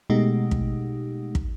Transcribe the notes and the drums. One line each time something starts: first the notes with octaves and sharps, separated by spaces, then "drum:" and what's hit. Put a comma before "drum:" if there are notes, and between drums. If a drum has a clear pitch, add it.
B2 G#3 A3 D#4 G4
drum: kick
drum: kick